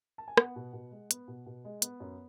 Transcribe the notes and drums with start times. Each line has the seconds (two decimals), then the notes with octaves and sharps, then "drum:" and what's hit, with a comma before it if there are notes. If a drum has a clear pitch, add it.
0.18 A5
0.28 G#5
0.37 B3 F#5, drum: rim click
0.56 B2
0.73 B2
0.91 G#3
1.11 B3, drum: hi-hat
1.28 B2
1.46 B2
1.65 G#3
1.82 B3, drum: hi-hat
2.00 F#2